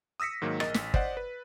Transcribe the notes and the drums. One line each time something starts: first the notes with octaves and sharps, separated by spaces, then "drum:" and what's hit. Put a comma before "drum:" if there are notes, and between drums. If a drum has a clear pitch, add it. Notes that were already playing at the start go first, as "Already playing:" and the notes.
D#6 E6 A#6 B6 C#7
G#2 D#3 F#3 A#3
A#1 A#4 D#5 A6, drum: rim click
A1 B6, drum: snare
C5 D5 D#5 F#5, drum: kick
B4